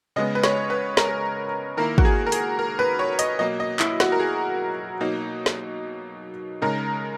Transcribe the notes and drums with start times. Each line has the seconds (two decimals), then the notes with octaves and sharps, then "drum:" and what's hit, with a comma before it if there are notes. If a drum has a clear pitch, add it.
0.16 C#3 G#3 B3 D#5
0.35 B4
0.44 C#5, drum: snare
0.70 B4
0.97 A#4, drum: snare
1.77 D#3 A#3 E4 A#4
1.98 F#4, drum: kick
2.05 G#4
2.27 A#4
2.32 G#4, drum: hi-hat
2.59 A#4
2.79 B4
2.99 C#5
3.19 D#5, drum: hi-hat
3.39 B2 F#3 A#3 D#5
3.60 D#5
3.79 E4, drum: clap
4.00 F#4, drum: snare
4.12 A#4
4.20 G#4
5.00 B2 F#3 A#3 D#4
5.46 drum: snare
6.62 C#3 G#3 D#4 A#4